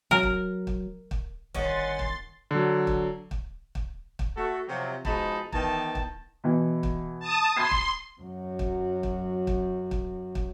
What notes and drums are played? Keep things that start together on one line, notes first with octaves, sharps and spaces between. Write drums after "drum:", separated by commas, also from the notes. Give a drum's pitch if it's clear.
F#3 A#4
drum: kick
drum: kick
drum: kick
G1 D#3 C#4 D#4 F#5 C6 A6, drum: kick
drum: kick
D3 F#3
drum: kick
drum: kick
drum: kick
drum: kick
A3 F#4 A4
C3 F3 F#3
B2 F3 G#3 D#4 A5 B5, drum: kick
D#3 E3 B3 G5 A5, drum: kick
drum: kick
B2 E3
drum: kick
A5 D#6
B5 C6 G#6 C7
drum: kick
F#2 F#3
drum: kick
drum: kick
drum: kick
drum: kick
drum: kick